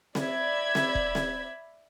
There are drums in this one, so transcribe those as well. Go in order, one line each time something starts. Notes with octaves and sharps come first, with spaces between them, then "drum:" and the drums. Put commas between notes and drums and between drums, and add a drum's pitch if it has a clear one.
D5 E5 B5 G#6, drum: snare C4
drum: snare C4
drum: kick E1
drum: snare C4